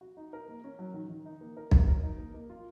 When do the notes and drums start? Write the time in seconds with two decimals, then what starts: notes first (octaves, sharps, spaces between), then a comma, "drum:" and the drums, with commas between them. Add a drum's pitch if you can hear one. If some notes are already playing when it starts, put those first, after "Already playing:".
0.01 F#4
0.17 D#4
0.33 A#4
0.48 A#3
0.64 C#4
0.79 F#3
0.94 D#3
1.09 D#3
1.26 D#4
1.41 A#3
1.57 A#4
1.71 F#3, drum: kick
1.88 A#4
2.03 D#4
2.18 A#3
2.34 A#3
2.50 F4